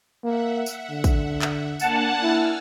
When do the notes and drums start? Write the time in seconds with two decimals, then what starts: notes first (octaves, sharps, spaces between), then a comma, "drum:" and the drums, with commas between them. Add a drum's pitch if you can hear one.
0.24 A#3 E5 F#5
0.66 drum: tambourine
0.90 D3
1.04 drum: kick, tambourine
1.42 drum: clap
1.80 A#3 D4 F#5 G#5 A5, drum: tambourine
2.23 E4 G#5 E6 F6